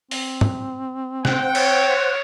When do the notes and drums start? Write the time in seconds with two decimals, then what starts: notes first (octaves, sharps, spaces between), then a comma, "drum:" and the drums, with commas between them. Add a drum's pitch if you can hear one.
0.11 C4, drum: open hi-hat
0.41 drum: tom
1.25 C5 F#5 G5, drum: snare
1.55 C#5, drum: cymbal